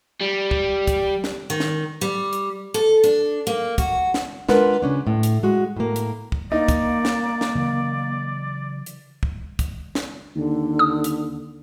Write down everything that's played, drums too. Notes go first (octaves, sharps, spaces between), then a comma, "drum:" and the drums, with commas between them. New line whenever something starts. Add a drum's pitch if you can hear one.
G3
drum: kick
drum: kick, hi-hat
drum: snare
D#3
drum: snare
G3
drum: hi-hat
A4
D4, drum: hi-hat
A#3
F#4, drum: kick, hi-hat
drum: snare
G#3 D4 F4 A#4 B4 F#5, drum: snare
C#3 C#4 D4
A2
drum: hi-hat
G#3 F#4
A2 A#3
drum: hi-hat
drum: kick
A#3 D#4 D5
drum: kick, hi-hat
drum: snare
drum: snare
C#3 E3 F#3
drum: hi-hat
drum: kick
drum: kick, hi-hat
drum: snare
D#2 D3
D#6
drum: hi-hat